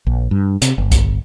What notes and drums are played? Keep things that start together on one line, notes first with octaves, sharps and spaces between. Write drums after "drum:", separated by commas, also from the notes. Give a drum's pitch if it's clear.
A#1
G2
C3, drum: hi-hat
G1
drum: kick B1, hi-hat